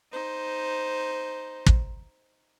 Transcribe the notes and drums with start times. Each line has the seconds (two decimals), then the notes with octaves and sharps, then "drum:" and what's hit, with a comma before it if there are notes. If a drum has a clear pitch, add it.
0.13 D#4 C5
1.66 drum: kick